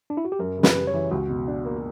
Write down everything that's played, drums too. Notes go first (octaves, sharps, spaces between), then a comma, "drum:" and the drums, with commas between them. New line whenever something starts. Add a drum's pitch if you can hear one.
D4
E4
F#4
G4
F#2 A#4
C#3
B4, drum: snare
G3
C#5
E3
C#2 F#4
B2
D4
A#3